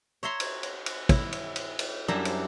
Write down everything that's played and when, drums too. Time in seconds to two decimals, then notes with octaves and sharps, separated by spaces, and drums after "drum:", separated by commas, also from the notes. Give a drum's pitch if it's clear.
0.23 C#5 E5 A#5 C6
0.40 drum: cymbal
0.63 drum: cymbal
0.86 drum: cymbal
1.09 E4, drum: kick, cymbal
1.32 drum: cymbal
1.56 drum: cymbal
1.79 drum: cymbal
2.08 F#2 G3 D4 E4 E5 A#5
2.25 drum: cymbal